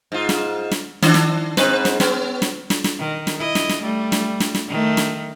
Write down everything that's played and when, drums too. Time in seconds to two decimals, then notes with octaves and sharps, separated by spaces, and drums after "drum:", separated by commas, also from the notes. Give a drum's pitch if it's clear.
0.12 G#2 F4
0.29 drum: snare
0.71 drum: snare
1.02 D#3 D4, drum: snare
1.14 drum: snare
1.57 G#2 C4 B4, drum: snare
1.85 drum: snare
2.00 B3 C#4, drum: snare
2.42 drum: snare
2.70 drum: snare
2.84 drum: snare
2.98 D#3
3.27 drum: snare
3.38 E4 D#5
3.55 drum: snare
3.69 drum: snare
3.82 G3 A3
4.12 drum: snare
4.40 drum: snare
4.55 drum: snare
4.68 D#3 A3
4.97 drum: snare